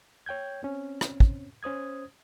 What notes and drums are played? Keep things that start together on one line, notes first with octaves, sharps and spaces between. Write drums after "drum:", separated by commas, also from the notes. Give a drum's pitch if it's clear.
C#5 G5 G6 G#6
C4 C#4
drum: rim click
drum: kick
C#4 C5 D#6 G#6